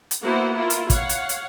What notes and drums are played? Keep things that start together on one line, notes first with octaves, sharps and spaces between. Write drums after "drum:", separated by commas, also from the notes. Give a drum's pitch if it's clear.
drum: hi-hat
A#3 B3 E4 F#4 C5 F#5
E4 F4 A#4
drum: hi-hat
C#5 F5 F#5, drum: kick, hi-hat
drum: hi-hat
drum: hi-hat